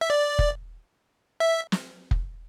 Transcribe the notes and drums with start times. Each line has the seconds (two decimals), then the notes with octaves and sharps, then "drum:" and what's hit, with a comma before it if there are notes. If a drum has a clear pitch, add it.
0.01 E5
0.10 D5
0.39 drum: kick F1
1.40 E5
1.72 drum: snare
2.11 drum: kick F1